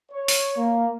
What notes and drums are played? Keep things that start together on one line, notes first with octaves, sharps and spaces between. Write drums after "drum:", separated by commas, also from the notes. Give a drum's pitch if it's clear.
C#5
drum: open hi-hat
A#3